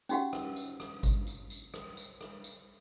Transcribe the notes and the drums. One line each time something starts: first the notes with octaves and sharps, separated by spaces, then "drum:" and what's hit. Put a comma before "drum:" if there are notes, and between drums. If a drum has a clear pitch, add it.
C#4 D#4 F#4 G4 F#5, drum: tambourine
drum: rim click
drum: tambourine
drum: rim click
drum: kick G#1, tambourine
drum: tambourine
drum: tambourine
drum: rim click
drum: tambourine
drum: rim click
drum: tambourine